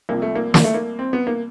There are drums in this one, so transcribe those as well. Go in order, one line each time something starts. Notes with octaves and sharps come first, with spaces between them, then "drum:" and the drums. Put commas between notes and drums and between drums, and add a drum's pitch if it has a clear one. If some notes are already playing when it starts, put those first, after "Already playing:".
C2 C3 F3 A#3
A3
A#3
A#3, drum: snare
A3
A#3
C4
B3
A#3